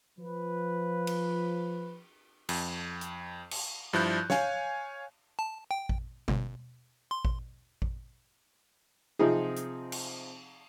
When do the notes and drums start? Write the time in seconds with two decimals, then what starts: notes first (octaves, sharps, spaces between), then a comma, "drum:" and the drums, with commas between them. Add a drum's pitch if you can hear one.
0.19 F3 B4
1.07 drum: cymbal
2.49 F2, drum: cymbal
3.01 drum: hi-hat
3.51 drum: cymbal
3.93 G2 F3 E4 F#6 G6
4.30 C#5 F5 G#5, drum: snare
5.39 A5
5.71 G5
5.89 drum: kick A1
6.28 G1, drum: tom B2
7.11 C6
7.25 drum: kick A1
7.82 drum: kick A1
9.19 C3 F3 C4 D#4 G#4
9.56 drum: hi-hat
9.92 drum: cymbal